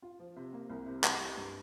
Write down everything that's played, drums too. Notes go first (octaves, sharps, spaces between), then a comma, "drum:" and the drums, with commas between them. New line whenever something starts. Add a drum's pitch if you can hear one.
F4
F3
C3
A#3
C2
C3
C2, drum: clap
G3
G2